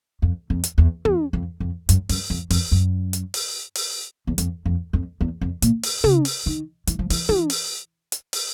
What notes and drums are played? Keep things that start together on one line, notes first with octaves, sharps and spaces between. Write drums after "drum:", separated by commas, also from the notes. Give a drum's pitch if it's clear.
F2
F2
drum: hi-hat
E2
E2, drum: tom
F2
F2
F#2, drum: hi-hat
F#2, drum: open hi-hat
F2
F2, drum: open hi-hat
F#2
drum: hi-hat
drum: open hi-hat
drum: open hi-hat
E2
F2, drum: hi-hat
F2
F2
E2
F2
A#2, drum: hi-hat
drum: open hi-hat
C#3, drum: tom
drum: open hi-hat
D#3
E3, drum: hi-hat
F3
E3, drum: open hi-hat
E3, drum: tom
drum: open hi-hat
drum: hi-hat
drum: open hi-hat